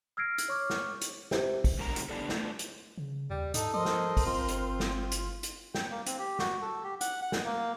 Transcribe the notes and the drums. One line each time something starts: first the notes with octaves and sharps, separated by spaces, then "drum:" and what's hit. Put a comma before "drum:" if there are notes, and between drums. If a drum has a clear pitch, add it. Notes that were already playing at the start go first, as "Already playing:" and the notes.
E6 F6 G#6 A#6 C7 D7
drum: hi-hat
C#5 C#6 D6 F6
drum: snare
drum: hi-hat
C3, drum: snare
drum: kick A#1, open hi-hat
G#2 B2 D3 A#4 A5 A#5
drum: hi-hat
C#3 B3 D4 E4 G4 A4
A3 D4 D#4 F4 A4 B4, drum: snare
drum: hi-hat
C#3
D#2 G3
G#2 D#4 A4, drum: hi-hat
F3 A#4 C5 D#5 C6
drum: snare
drum: kick A#1, open hi-hat
G1 C4 F4
drum: hi-hat
drum: snare
drum: hi-hat
drum: hi-hat
G5, drum: snare
A#3
C4, drum: hi-hat
G4
F#4, drum: snare
A4
G4
F#5, drum: hi-hat
F#5
drum: snare
A#3